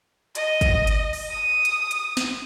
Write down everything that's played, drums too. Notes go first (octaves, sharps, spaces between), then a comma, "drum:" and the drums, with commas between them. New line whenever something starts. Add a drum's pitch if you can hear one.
D#5, drum: hi-hat
drum: kick, hi-hat
drum: hi-hat
drum: open hi-hat
D#6
drum: hi-hat
drum: hi-hat
drum: snare